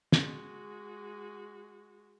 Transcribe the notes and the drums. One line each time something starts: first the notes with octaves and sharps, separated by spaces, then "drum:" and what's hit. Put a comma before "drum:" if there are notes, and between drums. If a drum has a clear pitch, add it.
G#3 F#4, drum: snare